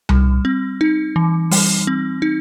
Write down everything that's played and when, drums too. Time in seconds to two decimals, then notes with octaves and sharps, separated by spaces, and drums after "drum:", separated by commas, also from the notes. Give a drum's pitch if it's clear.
0.09 G3, drum: tom C2
0.45 C4
0.81 D#4
1.16 E3
1.51 G3, drum: open hi-hat
1.87 C4
2.22 D#4